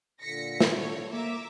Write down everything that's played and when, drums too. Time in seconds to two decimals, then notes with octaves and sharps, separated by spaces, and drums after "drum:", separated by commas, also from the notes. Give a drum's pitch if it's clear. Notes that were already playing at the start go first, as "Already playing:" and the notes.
0.22 A#2 D3 A#6 B6 C#7
0.60 drum: snare
0.78 A4 C#5
1.13 A#3 E5 A#5 D6